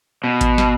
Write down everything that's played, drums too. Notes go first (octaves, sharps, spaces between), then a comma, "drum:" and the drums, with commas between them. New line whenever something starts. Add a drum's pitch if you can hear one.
B2
drum: kick G#1, hi-hat
drum: snare